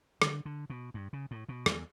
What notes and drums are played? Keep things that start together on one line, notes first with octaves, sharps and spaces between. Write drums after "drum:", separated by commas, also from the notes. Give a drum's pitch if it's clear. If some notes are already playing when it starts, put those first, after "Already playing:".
D3, drum: rim click
D3
B2
G2
C#3
A2
B2
E2, drum: rim click